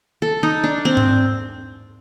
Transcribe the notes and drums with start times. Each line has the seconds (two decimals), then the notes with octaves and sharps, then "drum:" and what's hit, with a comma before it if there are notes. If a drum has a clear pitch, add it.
0.22 A4
0.43 D#4
0.64 D4
0.85 C4
0.97 drum: tom G#2